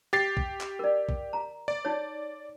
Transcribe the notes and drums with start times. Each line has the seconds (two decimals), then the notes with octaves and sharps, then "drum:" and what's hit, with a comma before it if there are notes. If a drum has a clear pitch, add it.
0.13 G4 A6 C7
0.37 drum: kick B1
0.61 drum: clap
0.79 A#4 D5
1.09 drum: kick B1
1.33 A#5
1.68 D5
1.85 D#4 C#5